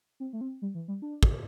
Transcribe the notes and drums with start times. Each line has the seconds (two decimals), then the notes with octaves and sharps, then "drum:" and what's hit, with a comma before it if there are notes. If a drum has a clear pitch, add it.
0.20 C4
0.33 A3
0.41 C4
0.62 G3
0.75 E3
0.88 G3
1.02 D4
1.23 drum: kick